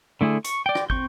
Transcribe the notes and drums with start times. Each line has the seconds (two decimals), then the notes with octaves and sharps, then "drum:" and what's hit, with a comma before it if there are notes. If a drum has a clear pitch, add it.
0.21 D3 A3 E4 G#4
0.44 C#6, drum: hi-hat
0.66 D5 G5
0.75 drum: rim click
0.90 C4 C#6 G6, drum: kick